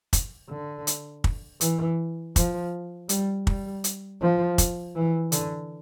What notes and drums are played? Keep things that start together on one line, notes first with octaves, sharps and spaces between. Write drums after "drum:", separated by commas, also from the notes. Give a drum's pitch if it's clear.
drum: kick, hi-hat
D3
drum: hi-hat
drum: kick
E3, drum: hi-hat
F3, drum: kick, hi-hat
G3, drum: hi-hat
G3, drum: kick
drum: hi-hat
F3
drum: kick, hi-hat
E3
D3, drum: hi-hat